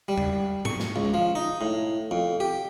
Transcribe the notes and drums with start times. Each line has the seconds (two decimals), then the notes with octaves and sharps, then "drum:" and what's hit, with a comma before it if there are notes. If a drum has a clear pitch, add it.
0.08 G3
0.18 drum: tom E2
0.65 C#6, drum: tom G#2
0.80 drum: snare
0.96 C#2
1.14 F3
1.35 D#4
1.61 A2
2.11 F2
2.40 G4